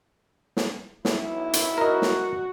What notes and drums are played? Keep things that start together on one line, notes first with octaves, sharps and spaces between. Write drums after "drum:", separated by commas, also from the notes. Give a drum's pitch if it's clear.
drum: snare
B1 E4, drum: snare
drum: hi-hat
F#4 A#4 D#5
drum: snare